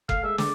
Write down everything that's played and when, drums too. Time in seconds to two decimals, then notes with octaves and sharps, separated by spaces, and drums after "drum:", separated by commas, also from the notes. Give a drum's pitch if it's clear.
0.09 A3 F5, drum: kick F#1
0.23 G#3 E5
0.38 D5, drum: snare